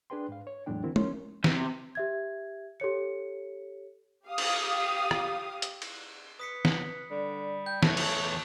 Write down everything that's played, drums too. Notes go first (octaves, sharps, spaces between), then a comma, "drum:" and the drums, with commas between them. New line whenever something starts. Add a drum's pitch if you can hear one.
D4 G#4 B4 G5 C6
G#2 F5
C#5
E2 A2 F#3 G#3 D4 G5
D3 E3 C4 E4 F#4 A#4
F3 C#4 A#4 C#5 C6, drum: tom
C3, drum: snare
G4 E5 G#6
G4 A4 C#5 C#7
G4 F5 D#6
drum: cymbal
drum: rim click
drum: hi-hat
drum: cymbal
B4 D#6 B6 C#7
drum: snare
D3 G3
G5 G6
E2 F3 A3 C#5 A5 F#6, drum: snare
drum: cymbal